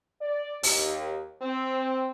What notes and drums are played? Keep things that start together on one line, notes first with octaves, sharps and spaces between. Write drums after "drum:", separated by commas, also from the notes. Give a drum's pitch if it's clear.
D5
D#2, drum: open hi-hat
C4